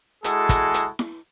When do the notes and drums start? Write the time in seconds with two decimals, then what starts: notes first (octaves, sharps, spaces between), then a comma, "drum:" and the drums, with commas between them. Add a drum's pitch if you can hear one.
0.24 G#3 E4 F#4 G#4 A4, drum: hi-hat
0.49 drum: kick, hi-hat
0.74 drum: hi-hat
0.99 drum: snare E4